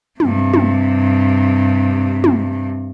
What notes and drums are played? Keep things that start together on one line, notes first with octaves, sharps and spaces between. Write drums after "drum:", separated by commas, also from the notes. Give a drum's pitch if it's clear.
G2 C3, drum: tom
drum: tom
drum: tom